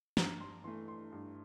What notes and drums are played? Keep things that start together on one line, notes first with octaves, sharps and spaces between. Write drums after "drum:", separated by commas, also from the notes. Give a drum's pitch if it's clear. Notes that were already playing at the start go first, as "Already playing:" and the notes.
G2 A#5, drum: snare
C6
E3 A3 C6
C6
G2